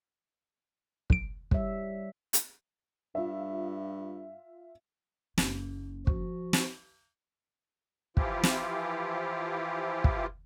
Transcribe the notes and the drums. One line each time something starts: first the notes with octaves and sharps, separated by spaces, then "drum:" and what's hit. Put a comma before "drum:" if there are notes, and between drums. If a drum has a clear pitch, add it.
B1 D7, drum: kick
G3 C#5 E5, drum: kick
drum: hi-hat
G2 F4 E5
F#1 A#3, drum: snare
F3 F#4, drum: kick
drum: snare
E3 F3 E4 F4 G4, drum: kick
drum: snare
drum: kick